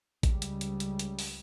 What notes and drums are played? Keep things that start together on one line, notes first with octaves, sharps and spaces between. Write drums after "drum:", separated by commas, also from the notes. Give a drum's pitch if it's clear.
C#2 C#3 G3, drum: kick A1, hi-hat
drum: hi-hat
drum: hi-hat
drum: hi-hat
drum: hi-hat
drum: open hi-hat